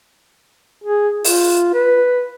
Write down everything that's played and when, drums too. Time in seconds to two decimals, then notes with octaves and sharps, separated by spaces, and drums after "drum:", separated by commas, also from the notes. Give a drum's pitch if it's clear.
0.84 G#4
1.25 F4, drum: open hi-hat
1.74 B4